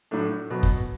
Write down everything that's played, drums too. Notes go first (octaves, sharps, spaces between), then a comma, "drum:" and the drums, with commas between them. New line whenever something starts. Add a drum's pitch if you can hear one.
A2 F#3 A3 D4
B2 F#3 B3
drum: kick